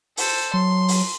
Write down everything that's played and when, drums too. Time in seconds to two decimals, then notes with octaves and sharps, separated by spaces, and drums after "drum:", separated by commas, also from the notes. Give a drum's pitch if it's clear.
0.17 A4 C5, drum: open hi-hat
0.54 F#3 C6
0.88 drum: open hi-hat